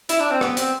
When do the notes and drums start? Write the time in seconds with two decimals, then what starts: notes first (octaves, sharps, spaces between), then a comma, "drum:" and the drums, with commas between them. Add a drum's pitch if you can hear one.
0.09 E4, drum: hi-hat
0.20 D4
0.31 C4
0.41 B3, drum: rim click
0.57 C4, drum: hi-hat